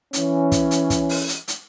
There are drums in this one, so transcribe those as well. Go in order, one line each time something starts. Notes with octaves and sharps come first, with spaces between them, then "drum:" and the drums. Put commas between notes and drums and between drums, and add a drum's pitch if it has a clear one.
E3 C#4, drum: hi-hat
drum: kick, hi-hat
drum: hi-hat
drum: kick, hi-hat
drum: open hi-hat
drum: hi-hat
drum: hi-hat